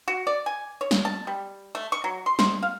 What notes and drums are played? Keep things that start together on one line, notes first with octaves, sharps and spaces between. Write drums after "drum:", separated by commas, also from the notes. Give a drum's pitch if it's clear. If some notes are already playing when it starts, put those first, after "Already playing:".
F#4
D5
G#5
C#5
drum: snare
A5
G3
A3
C#6
F#3
C6
C5, drum: snare
F5